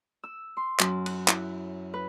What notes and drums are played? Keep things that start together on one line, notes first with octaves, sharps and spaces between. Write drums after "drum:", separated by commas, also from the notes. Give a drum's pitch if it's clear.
E6
C6
F#2, drum: clap
F#6, drum: cymbal
E4, drum: clap
B4